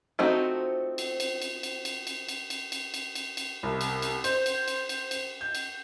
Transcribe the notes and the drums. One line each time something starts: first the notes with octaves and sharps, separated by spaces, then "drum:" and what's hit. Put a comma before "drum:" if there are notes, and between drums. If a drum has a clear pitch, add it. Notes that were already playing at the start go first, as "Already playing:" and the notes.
F3 A3 C4 D#4 F#4
drum: cymbal
drum: cymbal
drum: cymbal
drum: cymbal
drum: cymbal
drum: cymbal
drum: cymbal
drum: cymbal
drum: cymbal
drum: cymbal
drum: cymbal
drum: cymbal
C2
drum: cymbal
drum: cymbal
C5, drum: cymbal
drum: cymbal
drum: cymbal
drum: cymbal
drum: cymbal
G6
drum: cymbal